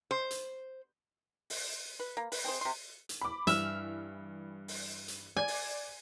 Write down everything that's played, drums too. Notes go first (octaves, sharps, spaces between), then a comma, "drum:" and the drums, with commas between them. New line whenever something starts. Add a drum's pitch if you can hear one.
C5
drum: hi-hat
drum: open hi-hat
B4
A#3
B4, drum: open hi-hat
C4 G#4 C5
C3 C6
drum: hi-hat
B5 D6
G2 E3 E5 F6, drum: hi-hat
drum: open hi-hat
drum: hi-hat
D5 G#5 G#6
drum: open hi-hat